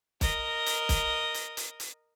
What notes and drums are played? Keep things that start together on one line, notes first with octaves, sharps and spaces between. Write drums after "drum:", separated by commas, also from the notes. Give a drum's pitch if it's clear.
A#4 D#5, drum: kick, hi-hat
drum: hi-hat
drum: kick, hi-hat
drum: hi-hat
drum: hi-hat
drum: hi-hat